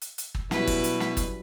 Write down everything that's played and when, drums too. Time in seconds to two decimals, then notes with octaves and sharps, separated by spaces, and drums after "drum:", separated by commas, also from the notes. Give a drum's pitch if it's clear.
0.02 drum: hi-hat
0.18 drum: hi-hat
0.35 drum: kick
0.51 B2 F#3 G3 C#4 E4 B4, drum: snare
0.67 drum: kick, open hi-hat
0.84 drum: hi-hat
1.00 drum: snare
1.17 drum: kick, hi-hat